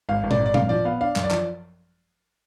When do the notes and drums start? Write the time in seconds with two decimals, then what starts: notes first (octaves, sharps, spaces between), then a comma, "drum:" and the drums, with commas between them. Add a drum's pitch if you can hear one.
0.09 G#1 F5
0.24 G#1
0.31 D5, drum: tom A#2
0.39 G#2
0.46 D5
0.54 F#2 F5, drum: tom A#2
0.69 F3 D5
0.85 B3 F5
1.01 D4 F5
1.16 F#2, drum: clap
1.24 D5
1.31 F3, drum: clap